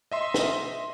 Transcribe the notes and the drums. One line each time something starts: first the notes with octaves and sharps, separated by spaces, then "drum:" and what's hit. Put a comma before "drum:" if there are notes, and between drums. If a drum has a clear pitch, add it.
D#5 E5 C6
drum: snare